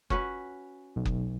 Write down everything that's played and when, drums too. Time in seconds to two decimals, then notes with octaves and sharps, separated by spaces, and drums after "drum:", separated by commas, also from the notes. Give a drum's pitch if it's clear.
0.10 C#4 F#4 B4, drum: kick F#1
0.96 B1
1.05 drum: kick F#1